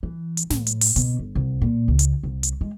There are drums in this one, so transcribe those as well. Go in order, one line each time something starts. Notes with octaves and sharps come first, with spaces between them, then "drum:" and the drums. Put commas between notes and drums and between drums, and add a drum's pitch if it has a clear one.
E3
drum: hi-hat
A2, drum: snare
drum: hi-hat
drum: open hi-hat
B2, drum: hi-hat
G1
C2
A#2
C#2
drum: hi-hat
C2
drum: hi-hat
G#3